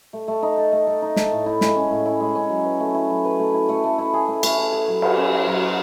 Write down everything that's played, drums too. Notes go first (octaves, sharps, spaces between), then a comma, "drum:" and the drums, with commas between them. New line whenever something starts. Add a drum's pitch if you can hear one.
A3
A3
D#4
A4
A3
A3
D#4
A4, drum: snare
A2
E4
G#3, drum: snare
C#4
A2
E4
G#3
C#4
F#3
B4
A3
E4
F#3
B4
A3
E4
A3
A3
E4
G#4
A3
A3, drum: cymbal
E4
G#4
F#3
B4, drum: cymbal
C#4
F#4
F#3
B4